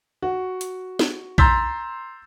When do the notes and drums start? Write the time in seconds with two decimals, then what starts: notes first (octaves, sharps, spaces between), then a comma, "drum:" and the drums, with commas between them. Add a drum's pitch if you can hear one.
0.22 F#4
0.61 drum: hi-hat
0.99 drum: snare
1.38 A#5 C6 E6 G6 A6 B6, drum: kick